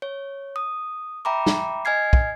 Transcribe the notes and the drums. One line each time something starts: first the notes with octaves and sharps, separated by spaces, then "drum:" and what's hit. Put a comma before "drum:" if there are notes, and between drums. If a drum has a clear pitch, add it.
C#5
D#6
E5 G5 A#5 B5 D6
drum: snare
D#5 G#5 F6 G#6 C7
drum: kick